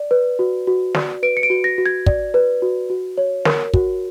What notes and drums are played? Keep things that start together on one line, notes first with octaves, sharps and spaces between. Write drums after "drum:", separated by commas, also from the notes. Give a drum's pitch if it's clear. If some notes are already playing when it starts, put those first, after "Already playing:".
Already playing: D5
B4
F#4
F#4
D5, drum: snare
B4 D7
C#7
D7
F#4
A#6
F#4
G#6
D5, drum: kick
B4
F#4
F#4
C#5
A#4, drum: snare
F#4, drum: kick